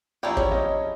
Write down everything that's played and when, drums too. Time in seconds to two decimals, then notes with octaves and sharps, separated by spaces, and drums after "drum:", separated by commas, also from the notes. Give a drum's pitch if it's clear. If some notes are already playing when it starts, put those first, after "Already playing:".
0.23 F3 A#3 C#4 E4 G4 D5
0.37 C#5, drum: kick
0.51 D#5